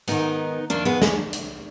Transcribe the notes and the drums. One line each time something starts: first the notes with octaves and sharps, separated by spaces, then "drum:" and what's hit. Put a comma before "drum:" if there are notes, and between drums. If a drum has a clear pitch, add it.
G#2 D#3 B3 D#4, drum: hi-hat
F2 D#3 A#3 D4
G#3 B3
G#3, drum: snare
drum: hi-hat